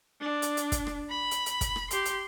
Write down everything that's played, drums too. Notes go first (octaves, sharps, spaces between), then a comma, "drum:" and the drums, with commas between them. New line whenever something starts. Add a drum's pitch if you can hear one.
D4
drum: hi-hat
drum: hi-hat
drum: kick, hi-hat
drum: rim click
B5
drum: hi-hat
drum: hi-hat
drum: kick, hi-hat
drum: rim click
G4 C6, drum: hi-hat
drum: hi-hat